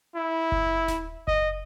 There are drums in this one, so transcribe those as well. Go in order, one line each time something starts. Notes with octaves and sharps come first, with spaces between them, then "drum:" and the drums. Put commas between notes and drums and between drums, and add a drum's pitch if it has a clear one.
E4
drum: kick F#1
drum: snare D#1
D#5, drum: kick F#1